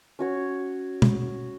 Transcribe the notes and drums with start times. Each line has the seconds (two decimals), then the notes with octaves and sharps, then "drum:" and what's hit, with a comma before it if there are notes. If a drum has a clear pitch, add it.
0.19 C#4 F#4 C#5
1.02 drum: tom